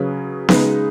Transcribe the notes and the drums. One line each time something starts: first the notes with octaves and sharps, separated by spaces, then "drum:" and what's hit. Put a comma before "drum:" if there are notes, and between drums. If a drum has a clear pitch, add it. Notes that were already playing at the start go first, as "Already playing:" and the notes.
Already playing: C#3 F#3 C#4 G#4 B4
C#3 G#3 D#4 B4, drum: snare B3